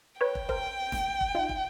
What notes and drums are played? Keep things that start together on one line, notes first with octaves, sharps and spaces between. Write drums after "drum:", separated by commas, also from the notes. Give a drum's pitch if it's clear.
B4 C#5 G5
drum: kick
A#4 C5, drum: kick
drum: snare E1
drum: kick
D#4 F4
drum: kick